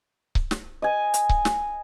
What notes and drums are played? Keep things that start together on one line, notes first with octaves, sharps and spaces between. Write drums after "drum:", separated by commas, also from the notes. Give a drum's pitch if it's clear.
drum: kick C#1
drum: snare
D#5 G#5
drum: hi-hat
drum: kick C#1
drum: snare